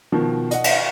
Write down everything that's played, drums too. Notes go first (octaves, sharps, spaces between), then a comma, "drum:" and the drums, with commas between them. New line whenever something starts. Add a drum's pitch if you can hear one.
B2 D#3 F3
D#5 F#5, drum: hi-hat
drum: cymbal